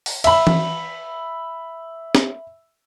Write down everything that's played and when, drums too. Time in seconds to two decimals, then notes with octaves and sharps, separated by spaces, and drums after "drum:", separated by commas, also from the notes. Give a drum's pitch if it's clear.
0.06 drum: open hi-hat
0.24 E5 B5, drum: cymbal
0.47 drum: tom E3
2.15 drum: snare